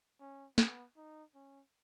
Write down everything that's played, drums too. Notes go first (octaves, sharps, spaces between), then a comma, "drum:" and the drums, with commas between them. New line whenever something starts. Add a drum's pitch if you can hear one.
C#4
B3, drum: snare
D#4
C#4